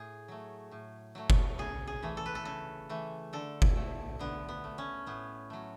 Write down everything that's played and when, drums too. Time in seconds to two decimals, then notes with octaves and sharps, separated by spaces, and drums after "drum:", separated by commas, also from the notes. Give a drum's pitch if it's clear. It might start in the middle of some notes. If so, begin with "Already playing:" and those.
Already playing: A2 G#4
0.28 F#3 A3
0.71 A2
1.15 F#3 A3
1.30 drum: kick F#1
1.58 C#3 G#4
1.87 G#4
2.03 E3 A3
2.17 A4
2.26 B4
2.35 A4
2.45 C#3 A4
2.89 E3 A3
3.33 D3 A4
3.62 drum: kick F#1
3.76 A3
4.19 D3 B3
4.49 B3
4.64 A3
4.78 C#4
5.06 A2 B3
5.50 F#3 A3